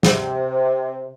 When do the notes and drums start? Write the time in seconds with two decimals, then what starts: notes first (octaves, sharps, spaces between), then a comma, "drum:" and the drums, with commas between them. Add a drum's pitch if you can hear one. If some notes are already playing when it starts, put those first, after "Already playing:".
0.03 C3, drum: snare